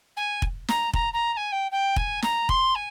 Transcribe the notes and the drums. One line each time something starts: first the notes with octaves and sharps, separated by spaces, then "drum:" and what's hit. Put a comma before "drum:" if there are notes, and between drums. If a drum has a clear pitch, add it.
G#5
drum: kick
A#5, drum: snare
A#5, drum: kick
A#5
A#5
G#5
G5
G5
G#5, drum: kick
A#5, drum: snare
C6, drum: kick
G#5